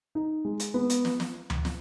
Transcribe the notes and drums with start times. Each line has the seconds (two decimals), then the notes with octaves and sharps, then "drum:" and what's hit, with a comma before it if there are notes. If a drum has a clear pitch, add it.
0.15 D#4
0.45 G#3
0.60 drum: hi-hat
0.74 B3
0.90 drum: hi-hat
1.05 drum: snare
1.20 drum: snare
1.50 drum: tom D2
1.65 drum: snare